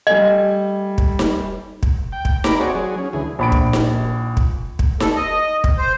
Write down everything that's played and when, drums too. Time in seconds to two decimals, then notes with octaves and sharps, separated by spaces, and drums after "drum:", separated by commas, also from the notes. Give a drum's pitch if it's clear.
0.07 G3 A3 D#5 G#5
0.98 drum: kick
1.19 drum: snare D#4
1.83 drum: kick
2.12 G5
2.25 drum: kick
2.44 A#5 B5 D6, drum: snare D#4
2.60 C4 F#4 G#4 C#5 D5
2.75 F#3 G#4
2.98 C#4
3.13 D2 E3 G#4
3.39 A#1 B5 D7
3.52 drum: kick
3.73 drum: snare D#4
4.37 drum: kick
4.79 drum: kick
5.00 A4, drum: snare D#4
5.16 D#5
5.64 drum: kick
5.78 C5